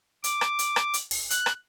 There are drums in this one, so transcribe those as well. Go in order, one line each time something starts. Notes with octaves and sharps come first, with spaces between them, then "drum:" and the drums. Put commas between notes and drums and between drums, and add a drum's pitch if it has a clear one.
D6, drum: hi-hat
drum: rim click
drum: hi-hat
drum: rim click
drum: hi-hat
drum: open hi-hat
F#6, drum: hi-hat
drum: rim click